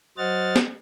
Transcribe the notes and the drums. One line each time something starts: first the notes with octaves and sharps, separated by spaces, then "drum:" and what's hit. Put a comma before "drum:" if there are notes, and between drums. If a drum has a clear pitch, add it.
F#3 C5 D#5 F#5 F6 A6
drum: snare